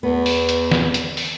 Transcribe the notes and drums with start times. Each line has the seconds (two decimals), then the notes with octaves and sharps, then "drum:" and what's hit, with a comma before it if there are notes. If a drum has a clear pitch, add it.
0.03 E2 B3
0.26 drum: open hi-hat
0.49 drum: hi-hat
0.71 drum: snare
0.94 drum: hi-hat
1.17 drum: open hi-hat